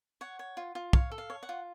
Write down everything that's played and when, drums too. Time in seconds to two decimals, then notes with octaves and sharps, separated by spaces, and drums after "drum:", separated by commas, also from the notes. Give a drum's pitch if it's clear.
0.21 C#5 F#5
0.39 C#5
0.57 F4
0.75 F4
0.93 C#5 F5, drum: kick
1.11 A4
1.18 F5
1.30 C#5
1.43 F#5
1.49 F4